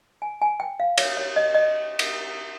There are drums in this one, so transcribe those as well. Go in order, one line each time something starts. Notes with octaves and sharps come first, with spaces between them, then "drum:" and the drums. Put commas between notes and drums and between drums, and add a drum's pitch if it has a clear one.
G#5
G#5
G5
F5
C#5, drum: cymbal
C#5
D#5
D#5
drum: cymbal